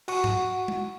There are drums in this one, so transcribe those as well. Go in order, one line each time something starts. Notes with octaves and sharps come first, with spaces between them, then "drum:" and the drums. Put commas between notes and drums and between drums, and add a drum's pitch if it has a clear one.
F#4 F#5 C#6, drum: cymbal
drum: tom G#2
drum: tom